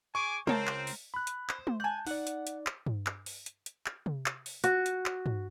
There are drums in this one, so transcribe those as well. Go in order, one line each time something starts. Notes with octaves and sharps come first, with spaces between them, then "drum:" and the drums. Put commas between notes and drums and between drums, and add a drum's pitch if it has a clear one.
G#4 G#5 C#6 D6
C#2 C4 A#4 C5 C#5 A5, drum: tom G#3
drum: clap
drum: open hi-hat
B5 F#6
drum: hi-hat
C5, drum: clap
drum: tom G#3
G#5 A5 F#6 G6
D#4 D5 F#5, drum: open hi-hat
drum: hi-hat
drum: hi-hat
drum: clap
drum: tom G2
drum: clap
drum: open hi-hat
drum: hi-hat
drum: hi-hat
drum: clap
drum: tom C3
drum: clap
drum: open hi-hat
F#4, drum: hi-hat
drum: hi-hat
drum: clap
drum: tom G2